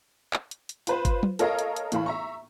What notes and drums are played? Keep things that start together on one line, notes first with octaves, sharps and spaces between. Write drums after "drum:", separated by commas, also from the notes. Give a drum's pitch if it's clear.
drum: clap
drum: hi-hat
drum: hi-hat
F4 B4 C5, drum: hi-hat
drum: kick G1, hi-hat
drum: tom
A4 A#4 C#5 D#5 F5 A#5, drum: hi-hat
drum: hi-hat
drum: hi-hat
A2 E3 F5 B5, drum: hi-hat
E5 A#5 C#6